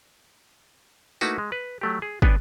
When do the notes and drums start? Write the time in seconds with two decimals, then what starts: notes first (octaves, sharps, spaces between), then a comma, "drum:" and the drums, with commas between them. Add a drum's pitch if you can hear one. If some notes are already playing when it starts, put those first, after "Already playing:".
1.21 A3 A#3 D#4 E4 F#4 B4, drum: tambourine
1.38 G#3
1.52 B4
1.81 F#3 A3 G4
2.02 G#4
2.22 B3 D4 B4 C#5 G5 G#5, drum: kick